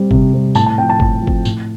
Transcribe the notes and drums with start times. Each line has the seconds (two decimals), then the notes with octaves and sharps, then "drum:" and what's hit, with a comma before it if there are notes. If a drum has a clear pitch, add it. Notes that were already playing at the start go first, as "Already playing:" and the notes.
Already playing: G3 C4
0.11 C3, drum: kick G1
0.33 G3 C4
0.55 A2 A5, drum: tambourine
0.66 A5
0.77 F3 C4 G5
0.89 A5
1.00 A2, drum: kick G1
1.22 F3
1.27 C4, drum: kick G1
1.45 A2, drum: tambourine